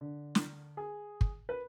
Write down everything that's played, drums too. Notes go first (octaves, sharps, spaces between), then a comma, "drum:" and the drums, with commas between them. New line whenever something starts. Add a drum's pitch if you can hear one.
D3
drum: snare
G#4
drum: kick
B4